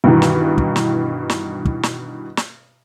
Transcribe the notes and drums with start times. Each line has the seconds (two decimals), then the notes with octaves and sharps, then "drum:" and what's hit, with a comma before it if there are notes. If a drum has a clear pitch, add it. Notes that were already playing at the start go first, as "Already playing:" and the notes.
0.04 G2 B2 D#3 E3
0.22 drum: snare
0.58 drum: kick
0.76 drum: snare
1.30 drum: snare
1.65 drum: kick
1.83 drum: snare
2.37 drum: snare